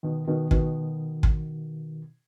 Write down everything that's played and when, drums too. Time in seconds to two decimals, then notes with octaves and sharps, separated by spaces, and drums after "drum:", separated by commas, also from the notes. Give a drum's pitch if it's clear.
0.03 B2 D#3
0.28 B2 D#3
0.51 B2 D#3, drum: kick
1.23 drum: kick